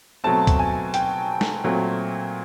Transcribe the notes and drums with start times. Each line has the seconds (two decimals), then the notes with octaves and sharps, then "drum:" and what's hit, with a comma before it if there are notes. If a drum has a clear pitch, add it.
0.24 B2 F#3 A3 C4 A5
0.47 drum: kick C#2, hi-hat
0.59 G#5
0.94 G5, drum: hi-hat
1.41 drum: snare
1.64 A#2 F#3 A3 C4